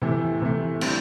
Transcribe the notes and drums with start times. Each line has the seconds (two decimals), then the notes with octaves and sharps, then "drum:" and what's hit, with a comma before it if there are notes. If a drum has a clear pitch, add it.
0.02 C3 E3 A3
0.42 C3 E3 A3
0.81 D3 G3 C4 E4, drum: cymbal